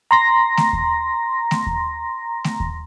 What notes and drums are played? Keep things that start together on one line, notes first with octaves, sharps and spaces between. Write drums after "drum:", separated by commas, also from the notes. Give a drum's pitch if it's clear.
A#5 C6 A#6
drum: snare A3
drum: kick D#2
drum: snare A3
drum: kick D#2
drum: snare A3
drum: kick D#2